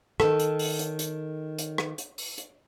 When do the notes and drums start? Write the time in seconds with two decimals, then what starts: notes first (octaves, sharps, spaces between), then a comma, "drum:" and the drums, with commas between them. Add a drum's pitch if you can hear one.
0.20 D#3 A4, drum: rim click
0.40 drum: hi-hat
0.59 drum: open hi-hat
0.79 drum: hi-hat
0.99 drum: hi-hat
1.59 drum: hi-hat
1.78 drum: rim click
1.98 drum: hi-hat
2.18 drum: open hi-hat
2.38 drum: hi-hat